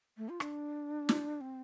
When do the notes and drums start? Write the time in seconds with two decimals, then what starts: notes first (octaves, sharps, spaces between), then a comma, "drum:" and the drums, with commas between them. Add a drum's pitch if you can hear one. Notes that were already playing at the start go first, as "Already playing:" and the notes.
0.18 A3
0.29 F4
0.40 D4, drum: rim click
1.09 drum: snare
1.41 C4